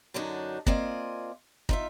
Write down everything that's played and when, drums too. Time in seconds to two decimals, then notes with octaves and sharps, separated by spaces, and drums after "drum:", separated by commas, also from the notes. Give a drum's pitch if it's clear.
0.14 F#2 D3 F#3 D4 D#4
0.66 A#3 C4 F4 D5 D#5 G#5, drum: kick
1.69 D#4 F4 E5, drum: kick